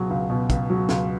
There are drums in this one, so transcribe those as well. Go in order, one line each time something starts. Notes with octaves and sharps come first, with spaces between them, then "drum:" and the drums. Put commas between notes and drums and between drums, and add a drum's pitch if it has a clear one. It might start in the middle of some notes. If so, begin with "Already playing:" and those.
Already playing: C#2 B2 F#3 G#4
C#2
B2
C#2, drum: kick, hi-hat
F#3
C#2, drum: snare